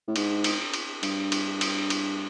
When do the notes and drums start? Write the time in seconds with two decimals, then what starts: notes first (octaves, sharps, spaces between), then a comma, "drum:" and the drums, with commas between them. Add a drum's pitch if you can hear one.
0.08 A2
0.16 G#2, drum: cymbal
0.44 drum: cymbal
0.74 drum: cymbal
1.03 G2, drum: cymbal
1.32 drum: cymbal
1.61 drum: cymbal
1.90 drum: cymbal